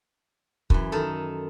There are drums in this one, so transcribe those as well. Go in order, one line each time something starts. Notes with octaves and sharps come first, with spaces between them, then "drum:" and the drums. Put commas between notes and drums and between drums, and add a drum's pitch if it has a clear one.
F#2 E3, drum: kick
D#3 D#4 A4